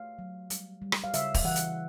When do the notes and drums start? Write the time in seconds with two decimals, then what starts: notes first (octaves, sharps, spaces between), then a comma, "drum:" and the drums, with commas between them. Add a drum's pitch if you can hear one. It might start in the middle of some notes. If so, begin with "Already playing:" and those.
Already playing: A3 F5
0.19 F#3
0.50 G3, drum: hi-hat
0.82 G3
0.92 drum: rim click
1.04 F5
1.13 C#3 E5, drum: hi-hat
1.34 drum: kick, open hi-hat
1.44 E3 F#5
1.56 drum: hi-hat